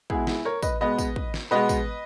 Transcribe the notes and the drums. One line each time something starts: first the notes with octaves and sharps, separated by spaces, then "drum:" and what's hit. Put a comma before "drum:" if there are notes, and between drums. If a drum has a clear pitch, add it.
B2 G#3 B3 E4 G#4, drum: kick
E4 G#4, drum: snare
A#4 C#5
B4 D#5, drum: kick, tambourine
B2 G#3 B3 B4 D#5
drum: kick, tambourine
drum: kick
drum: snare
B2 G#3 B3 B4 D#5
drum: kick, tambourine